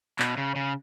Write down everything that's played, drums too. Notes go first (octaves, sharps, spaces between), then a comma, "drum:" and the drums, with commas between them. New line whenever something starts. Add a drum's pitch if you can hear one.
B2, drum: clap
C#3
C#3